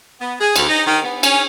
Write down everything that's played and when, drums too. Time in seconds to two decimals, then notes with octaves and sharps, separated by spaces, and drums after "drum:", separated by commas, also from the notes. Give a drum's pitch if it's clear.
0.20 B3
0.40 G#4
0.56 D2, drum: cymbal
0.68 D#4
0.87 D#3
1.04 B3
1.23 C#4, drum: cymbal